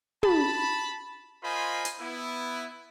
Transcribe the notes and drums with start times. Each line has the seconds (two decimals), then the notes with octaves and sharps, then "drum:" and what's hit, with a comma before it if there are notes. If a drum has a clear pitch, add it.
0.23 A5 B5, drum: tom
1.43 F4 A#4 C5 D#5 G#5 B5
1.85 drum: hi-hat
1.99 B3 E4